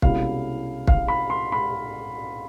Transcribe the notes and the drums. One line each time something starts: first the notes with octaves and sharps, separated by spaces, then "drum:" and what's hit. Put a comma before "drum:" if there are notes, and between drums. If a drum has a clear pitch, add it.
C2 B2 G#3 C#4 E4 F5, drum: kick
F5, drum: kick
B5
C6
B5